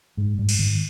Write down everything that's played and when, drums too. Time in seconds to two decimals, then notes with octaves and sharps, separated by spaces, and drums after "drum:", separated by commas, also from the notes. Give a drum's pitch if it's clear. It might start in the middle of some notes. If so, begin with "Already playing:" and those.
0.17 G#2 G#3
0.38 G#2 G3
0.49 drum: cymbal
0.59 G#2 D#3